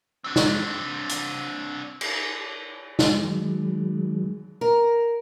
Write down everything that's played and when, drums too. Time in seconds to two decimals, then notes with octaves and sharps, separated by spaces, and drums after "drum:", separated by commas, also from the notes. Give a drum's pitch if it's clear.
0.24 C4 D4
0.36 drum: snare
1.09 drum: hi-hat
2.01 drum: cymbal
2.99 drum: snare
3.24 D#3 F#3 G#3
4.61 A#4